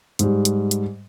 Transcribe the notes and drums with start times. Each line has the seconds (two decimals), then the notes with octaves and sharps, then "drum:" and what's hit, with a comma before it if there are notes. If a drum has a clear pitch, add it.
0.19 G#2 G3, drum: hi-hat
0.45 drum: hi-hat
0.71 drum: hi-hat